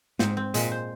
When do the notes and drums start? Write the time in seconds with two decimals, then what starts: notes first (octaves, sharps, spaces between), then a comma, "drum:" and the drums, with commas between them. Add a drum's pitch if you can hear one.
0.19 G#2 C4, drum: snare
0.37 C4
0.54 A#2 G#3, drum: hi-hat
0.72 C5